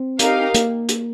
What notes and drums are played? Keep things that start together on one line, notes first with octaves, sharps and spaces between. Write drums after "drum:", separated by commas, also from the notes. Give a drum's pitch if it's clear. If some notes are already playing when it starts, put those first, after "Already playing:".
Already playing: C4
D#4 G4 A#4 F5, drum: hi-hat
A#3, drum: hi-hat
drum: hi-hat